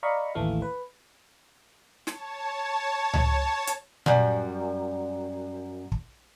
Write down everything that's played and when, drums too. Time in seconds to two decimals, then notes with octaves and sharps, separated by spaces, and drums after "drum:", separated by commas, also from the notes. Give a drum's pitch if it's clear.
0.03 D5 D#5 F5 A#5 B5 C#6
0.35 A1 D#2 E3 A3 F5
0.62 B4
2.07 C#5 A5, drum: snare
3.14 drum: tom C#2
3.67 drum: hi-hat
4.06 F#2 G3, drum: tom A#2
5.92 drum: kick